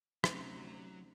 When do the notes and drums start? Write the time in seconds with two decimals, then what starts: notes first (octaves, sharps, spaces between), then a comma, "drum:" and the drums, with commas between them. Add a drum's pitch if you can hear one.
0.24 D2 C3 F#3 C4 C#4 D#4, drum: rim click